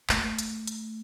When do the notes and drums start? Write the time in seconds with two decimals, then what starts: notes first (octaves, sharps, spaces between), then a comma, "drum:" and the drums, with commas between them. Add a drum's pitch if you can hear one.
0.09 A3, drum: clap
0.39 drum: hi-hat
0.67 drum: hi-hat